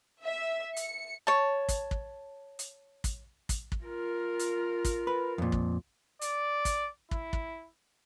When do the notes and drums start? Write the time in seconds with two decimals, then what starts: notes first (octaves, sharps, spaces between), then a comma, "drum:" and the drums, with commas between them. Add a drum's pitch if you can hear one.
0.24 E5
0.76 C#7, drum: hi-hat
1.27 C#5 A5
1.69 drum: kick, hi-hat
1.91 drum: kick
2.59 drum: hi-hat
3.04 drum: kick, hi-hat
3.49 drum: kick, hi-hat
3.72 drum: kick
3.84 F4 A#4
4.39 drum: hi-hat
4.85 drum: kick, hi-hat
5.07 B4
5.38 F2 A#2
5.52 drum: kick
6.21 D5, drum: hi-hat
6.65 drum: kick, hi-hat
7.11 E4, drum: kick
7.33 drum: kick